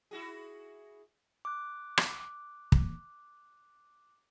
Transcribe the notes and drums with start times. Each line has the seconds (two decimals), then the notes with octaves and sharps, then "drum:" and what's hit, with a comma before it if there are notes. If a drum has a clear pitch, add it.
0.11 E4 F#4 G#4
1.45 D6 F#6
1.98 drum: rim click
2.72 drum: kick